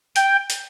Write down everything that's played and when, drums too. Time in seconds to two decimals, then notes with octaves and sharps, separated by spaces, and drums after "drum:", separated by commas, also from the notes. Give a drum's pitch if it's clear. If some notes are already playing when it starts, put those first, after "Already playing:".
0.16 G5, drum: hi-hat
0.50 drum: hi-hat